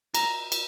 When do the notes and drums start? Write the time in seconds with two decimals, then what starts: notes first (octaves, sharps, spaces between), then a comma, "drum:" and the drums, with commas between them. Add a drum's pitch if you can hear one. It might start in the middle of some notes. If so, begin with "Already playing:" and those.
0.14 A#5, drum: cymbal
0.52 drum: cymbal